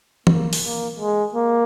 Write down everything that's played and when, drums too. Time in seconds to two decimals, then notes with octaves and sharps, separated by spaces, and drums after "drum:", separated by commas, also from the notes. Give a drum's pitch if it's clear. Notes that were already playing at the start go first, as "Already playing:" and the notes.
0.27 A#3, drum: tom
0.53 drum: open hi-hat
0.63 A#3
0.99 G#3
1.34 A#3